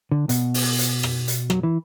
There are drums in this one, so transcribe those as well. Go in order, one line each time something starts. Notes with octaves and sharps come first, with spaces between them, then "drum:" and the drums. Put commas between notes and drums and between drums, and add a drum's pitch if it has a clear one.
D3
B2, drum: hi-hat
drum: open hi-hat
drum: hi-hat
drum: rim click
drum: hi-hat
F#3, drum: rim click
E3